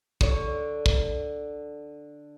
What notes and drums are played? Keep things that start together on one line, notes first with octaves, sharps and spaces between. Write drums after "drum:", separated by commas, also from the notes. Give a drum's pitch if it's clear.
D3 C#5, drum: kick
drum: kick